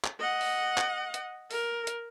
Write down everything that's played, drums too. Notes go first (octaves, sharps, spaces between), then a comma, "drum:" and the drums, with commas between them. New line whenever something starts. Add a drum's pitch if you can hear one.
drum: clap
D#5 F#5
drum: open hi-hat
drum: clap
drum: hi-hat
A#4, drum: open hi-hat
drum: hi-hat